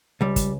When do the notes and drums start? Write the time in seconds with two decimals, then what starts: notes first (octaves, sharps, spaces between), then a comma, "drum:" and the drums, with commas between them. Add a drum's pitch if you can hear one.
0.21 C#2 G3
0.36 drum: kick, hi-hat